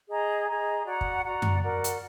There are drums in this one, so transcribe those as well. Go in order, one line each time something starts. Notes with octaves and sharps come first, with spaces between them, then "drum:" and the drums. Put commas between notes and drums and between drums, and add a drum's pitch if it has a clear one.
G#4 D#5 A#5
G#4 D#5 A#5
F#4 D5 F#5 A#5
drum: kick
F#4 D5 F#5 A#5
drum: tom F#2
F#4 A#4 D5 F#5
drum: hi-hat